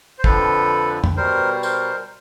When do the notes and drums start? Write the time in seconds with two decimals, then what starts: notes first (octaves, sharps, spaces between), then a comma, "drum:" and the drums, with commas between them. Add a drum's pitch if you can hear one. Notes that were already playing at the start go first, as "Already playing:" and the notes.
0.19 C5
0.24 F2 D3 F3 A4 B4, drum: kick
1.04 drum: tom
1.17 B2 G3 A#4 C5
1.63 A#4 C5, drum: tambourine